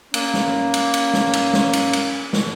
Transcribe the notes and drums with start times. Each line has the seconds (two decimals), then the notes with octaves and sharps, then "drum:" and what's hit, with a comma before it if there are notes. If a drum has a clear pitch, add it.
0.14 A#3 C#4, drum: cymbal
0.34 drum: snare
0.74 drum: cymbal
0.94 drum: cymbal
1.13 drum: snare
1.33 drum: cymbal
1.53 drum: snare
1.73 drum: cymbal
1.93 drum: cymbal
2.33 drum: snare